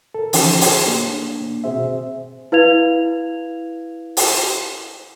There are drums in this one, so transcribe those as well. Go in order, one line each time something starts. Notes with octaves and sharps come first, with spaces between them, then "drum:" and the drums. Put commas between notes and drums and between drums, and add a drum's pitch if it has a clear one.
A4 A#4
D3 E3 F3 C#4 D#4, drum: open hi-hat
G#4 C#5 G#6, drum: open hi-hat
A#3 D4
B2 C4 F#4 G#4 C5 E5
E4 B4 F5 G#6 F7
drum: open hi-hat